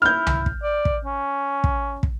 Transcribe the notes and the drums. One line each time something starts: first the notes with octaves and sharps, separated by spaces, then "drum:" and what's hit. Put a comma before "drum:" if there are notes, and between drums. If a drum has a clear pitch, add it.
E4 F6 G6
drum: tom C2
drum: kick
D5
drum: kick
C#4
drum: kick
drum: kick